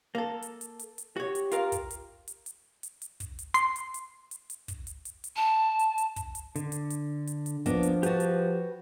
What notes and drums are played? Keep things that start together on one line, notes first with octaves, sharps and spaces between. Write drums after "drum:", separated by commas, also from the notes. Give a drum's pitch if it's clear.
A#3 A4
drum: hi-hat
drum: hi-hat
drum: hi-hat
drum: hi-hat
F#4 G4 C#5
drum: hi-hat
F4 A#4 F5, drum: hi-hat
drum: kick, hi-hat
drum: hi-hat
drum: hi-hat
drum: hi-hat
drum: hi-hat
drum: hi-hat
drum: kick, hi-hat
drum: hi-hat
C6, drum: hi-hat
drum: hi-hat
drum: hi-hat
drum: hi-hat
drum: hi-hat
drum: kick, hi-hat
drum: hi-hat
drum: hi-hat
drum: hi-hat
A5
drum: hi-hat
drum: hi-hat
drum: kick, hi-hat
drum: hi-hat
D3, drum: hi-hat
drum: hi-hat
drum: hi-hat
drum: hi-hat
drum: hi-hat
F3 A#3 B3 D4, drum: kick, hi-hat
drum: hi-hat
F#4 G4 B4 A5, drum: hi-hat
drum: hi-hat